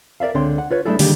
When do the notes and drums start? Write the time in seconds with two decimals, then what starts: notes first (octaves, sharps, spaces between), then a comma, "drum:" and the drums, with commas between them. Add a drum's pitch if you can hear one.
0.20 A#4 D5 E5 F5
0.34 C#2 D3 C4 C#5 G5 C6
0.58 F#5
0.71 F4 B4 C#5
0.86 G3 A3 D4 E4 G#4 A4
0.99 D3 D#3 G3 G#3 A#3 G4, drum: open hi-hat